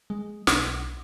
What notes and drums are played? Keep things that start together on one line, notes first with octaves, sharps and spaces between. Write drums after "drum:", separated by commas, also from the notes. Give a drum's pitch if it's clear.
G#3
B1, drum: snare